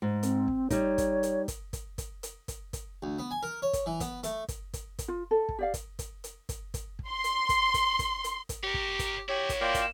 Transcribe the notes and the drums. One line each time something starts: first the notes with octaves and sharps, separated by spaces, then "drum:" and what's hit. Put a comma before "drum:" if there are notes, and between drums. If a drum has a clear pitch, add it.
G#2
C4, drum: hi-hat
drum: kick
G3 D#4 C#5, drum: kick, hi-hat
drum: kick, hi-hat
drum: hi-hat
drum: kick, hi-hat
drum: kick, hi-hat
drum: kick, hi-hat
drum: hi-hat
drum: kick, hi-hat
drum: kick, hi-hat
D2
B3
G#5
A#4
C#5
drum: kick, hi-hat
E3
B3, drum: kick, hi-hat
A3, drum: hi-hat
drum: kick, hi-hat
drum: kick, hi-hat
drum: kick, hi-hat
F4
A4
drum: kick
G4 D5 F5
drum: kick, hi-hat
drum: kick, hi-hat
drum: hi-hat
drum: kick, hi-hat
drum: kick, hi-hat
drum: kick
C6
drum: hi-hat
drum: kick, hi-hat
drum: kick, hi-hat
drum: kick, hi-hat
drum: hi-hat
drum: kick, hi-hat
G4 A#4 C#5
drum: kick
drum: kick, hi-hat
E4 F#4 G4 C#5
drum: kick, hi-hat
A#3 F4 D5 G5
drum: kick, hi-hat